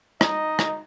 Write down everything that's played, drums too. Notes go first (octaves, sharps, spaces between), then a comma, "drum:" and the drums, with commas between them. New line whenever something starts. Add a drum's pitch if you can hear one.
D#4 D#5, drum: rim click
drum: rim click